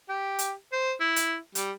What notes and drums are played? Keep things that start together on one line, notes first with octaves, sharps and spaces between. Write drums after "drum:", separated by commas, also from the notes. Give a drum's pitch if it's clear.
G4
drum: hi-hat
C5
E4
drum: hi-hat
G3, drum: hi-hat